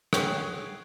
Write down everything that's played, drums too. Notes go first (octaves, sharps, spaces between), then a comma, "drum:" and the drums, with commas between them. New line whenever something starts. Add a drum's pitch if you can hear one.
G#4 C#5 F#5 G5 C#6 F#6, drum: rim click